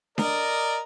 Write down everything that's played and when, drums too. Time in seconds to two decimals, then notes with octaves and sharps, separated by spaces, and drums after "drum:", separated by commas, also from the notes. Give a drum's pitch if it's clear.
0.18 A#4 D5 D#5, drum: snare D4